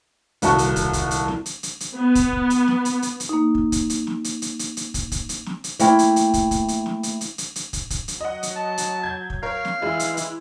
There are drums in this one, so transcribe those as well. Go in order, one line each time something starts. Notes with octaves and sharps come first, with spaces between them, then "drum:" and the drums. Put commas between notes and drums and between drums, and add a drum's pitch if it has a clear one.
D#1 C2 F#4 A5 C#6, drum: hi-hat
drum: hi-hat
drum: kick, hi-hat
drum: kick, hi-hat
drum: hi-hat
drum: snare
drum: hi-hat
drum: hi-hat
drum: hi-hat
B3
drum: kick, hi-hat
drum: kick
drum: hi-hat
drum: snare
drum: hi-hat
drum: hi-hat
drum: hi-hat
A#3 D#4
drum: kick
drum: kick, hi-hat
drum: hi-hat
drum: snare
drum: hi-hat
drum: hi-hat
drum: hi-hat
drum: hi-hat
drum: kick, hi-hat
drum: kick, hi-hat
drum: hi-hat
drum: snare
drum: hi-hat
A3 A#3 E4 G5, drum: hi-hat
drum: hi-hat
drum: hi-hat
drum: kick, hi-hat
drum: kick, hi-hat
drum: hi-hat
drum: snare
drum: hi-hat
drum: hi-hat
drum: hi-hat
drum: hi-hat
drum: kick, hi-hat
drum: kick, hi-hat
drum: hi-hat
F#3 D#5 F#5
drum: hi-hat
A5
drum: hi-hat
G6 G#6
drum: kick
A#4 C#5 F5
drum: snare
E3 G#3 E4
drum: hi-hat
drum: hi-hat